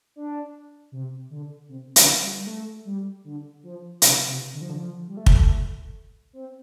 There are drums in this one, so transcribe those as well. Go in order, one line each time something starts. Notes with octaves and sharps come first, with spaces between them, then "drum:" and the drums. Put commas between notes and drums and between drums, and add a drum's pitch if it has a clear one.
D4
C3
D3
C3
D3, drum: hi-hat
G3
G3
A3
G3
D3
F3
C3, drum: hi-hat
C3
D3
F3
D3
F3
G3
A3
drum: kick
C4